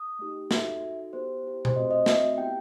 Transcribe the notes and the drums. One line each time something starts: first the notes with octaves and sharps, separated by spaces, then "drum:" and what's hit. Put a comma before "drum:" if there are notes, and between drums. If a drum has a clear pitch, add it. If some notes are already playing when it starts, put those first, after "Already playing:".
Already playing: D#6
A3 D#4 G4
D#4 F#4 A4 E5, drum: snare
D#4 F#4 A4
B3 E4 G4 C5
B3 E4 G4
C5, drum: tom B2
A3 C4 F#4 D#5
D#5
A3 C4 F#4 E5, drum: snare
B3 E4 G4 G5